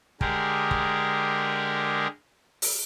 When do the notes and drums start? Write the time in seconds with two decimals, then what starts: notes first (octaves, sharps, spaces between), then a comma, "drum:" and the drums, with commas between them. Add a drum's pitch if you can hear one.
0.21 D3 G#3 G4 G#4 A#4, drum: kick
0.71 drum: kick
2.62 drum: open hi-hat